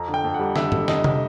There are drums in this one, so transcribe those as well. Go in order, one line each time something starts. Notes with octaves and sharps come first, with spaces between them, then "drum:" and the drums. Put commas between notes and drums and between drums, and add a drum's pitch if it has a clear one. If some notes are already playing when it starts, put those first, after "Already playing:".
Already playing: F2 A#5
D3
G5
F2
F#5
G3
D3 E5, drum: snare
F2, drum: tom
D3 D#5, drum: snare
G3, drum: tom C3